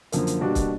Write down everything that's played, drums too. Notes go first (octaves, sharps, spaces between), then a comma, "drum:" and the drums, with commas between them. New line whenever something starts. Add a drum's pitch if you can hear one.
F#2 D3 F3 A#3, drum: hi-hat
drum: hi-hat
B2 G3 A#3 D4 F#4
drum: kick C#1, hi-hat